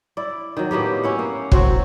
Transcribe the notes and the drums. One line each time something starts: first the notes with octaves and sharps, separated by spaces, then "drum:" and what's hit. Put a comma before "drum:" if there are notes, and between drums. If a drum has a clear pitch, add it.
E4 D5
D#3 F#3
A2 A#3 B3 G4
C#4 E4 F#5
A#3
F#3 C4 F#4, drum: kick